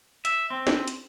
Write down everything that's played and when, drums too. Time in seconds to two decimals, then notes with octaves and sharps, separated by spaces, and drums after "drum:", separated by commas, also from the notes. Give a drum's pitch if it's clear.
0.25 E5, drum: hi-hat
0.50 C4
0.67 drum: snare
0.88 drum: hi-hat